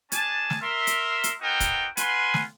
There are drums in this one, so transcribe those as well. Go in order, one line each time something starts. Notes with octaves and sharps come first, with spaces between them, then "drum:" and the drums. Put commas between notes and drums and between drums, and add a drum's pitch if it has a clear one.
G#3 D4 G#5 A5, drum: hi-hat
drum: snare
A#4 E5 C6
drum: hi-hat
drum: hi-hat
B3 C4 D#4 F#4 A#4 G5
drum: kick, hi-hat
F4 B4 F#5 G#5 C6, drum: hi-hat
drum: snare